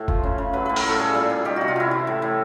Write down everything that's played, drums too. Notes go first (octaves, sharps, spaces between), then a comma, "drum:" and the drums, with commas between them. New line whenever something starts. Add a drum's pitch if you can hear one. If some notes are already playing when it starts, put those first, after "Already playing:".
Already playing: A2
F3, drum: kick
C#3
C#3
F#3 B4
A2 B4
A#4, drum: open hi-hat
A2 A4
G3 G#4
A#2
G3
D#3 G4
C3 F#4
F4
C3 E4
E3
A2
A2